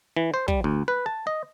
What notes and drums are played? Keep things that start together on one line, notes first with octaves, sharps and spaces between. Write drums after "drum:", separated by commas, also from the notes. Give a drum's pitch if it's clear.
E3
C5
G3, drum: kick
D2
B4
A5
D#5